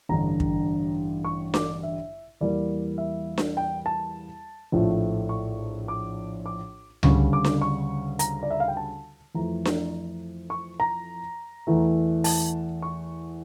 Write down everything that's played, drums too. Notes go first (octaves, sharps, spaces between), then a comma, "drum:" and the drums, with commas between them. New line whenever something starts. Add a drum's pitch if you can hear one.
A1 G2 D3 A#5
drum: kick
C#6
D6, drum: snare D4
E5
E2 E3 G3 A#3 D5
E5
drum: snare D4
G5
A5
A#1 A2 F3 A3
C#6
D6
D6
D2 C#3 G3 C#6, drum: tom C#2
D6
drum: snare D4
C#6
A#5, drum: hi-hat
D5
E5
F5
G5
A5
F2 E3 A3 A#5
drum: snare D4
C#6
A#5
E2 E3 A3
A5, drum: open hi-hat
C#6